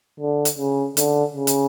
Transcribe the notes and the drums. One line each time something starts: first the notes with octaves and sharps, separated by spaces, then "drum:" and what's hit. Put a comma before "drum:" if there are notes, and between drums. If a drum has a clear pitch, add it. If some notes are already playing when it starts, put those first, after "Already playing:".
D3
drum: hi-hat
C#3
D3, drum: hi-hat
C#3
drum: hi-hat